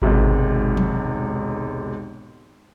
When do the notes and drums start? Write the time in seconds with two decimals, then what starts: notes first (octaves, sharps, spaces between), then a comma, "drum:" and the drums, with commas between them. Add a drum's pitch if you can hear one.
0.02 E1 B1 G#2 C3 D#3, drum: kick G#1
0.77 drum: tom F3